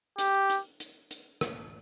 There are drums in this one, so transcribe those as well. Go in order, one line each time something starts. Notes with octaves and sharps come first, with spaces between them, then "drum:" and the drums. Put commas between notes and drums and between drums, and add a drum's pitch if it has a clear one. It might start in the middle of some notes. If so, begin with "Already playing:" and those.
G4, drum: hi-hat
drum: hi-hat
drum: hi-hat
drum: hi-hat
drum: rim click